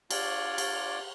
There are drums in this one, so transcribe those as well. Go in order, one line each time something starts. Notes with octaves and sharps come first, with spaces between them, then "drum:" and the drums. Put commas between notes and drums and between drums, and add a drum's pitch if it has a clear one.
D4 F4 C#5 D5 F5, drum: cymbal
drum: cymbal